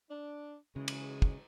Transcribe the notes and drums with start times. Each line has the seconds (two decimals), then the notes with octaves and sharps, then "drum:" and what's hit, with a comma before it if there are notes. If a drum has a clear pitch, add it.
0.10 D4
0.76 C#3 E3 F#3 G#3
0.88 drum: cymbal
1.22 drum: kick